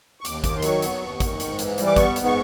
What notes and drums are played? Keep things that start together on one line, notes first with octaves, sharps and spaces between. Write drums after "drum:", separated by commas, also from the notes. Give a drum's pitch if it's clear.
C#6
D#2 D6, drum: hi-hat
D#3 D6, drum: kick, hi-hat
C6
F#3 C#6, drum: hi-hat
B3, drum: hi-hat
D#2
D#3, drum: kick, hi-hat
G#2, drum: hi-hat
E3, drum: hi-hat
G3, drum: hi-hat
D6
B3 C#6, drum: kick, hi-hat
G#2, drum: hi-hat
C#6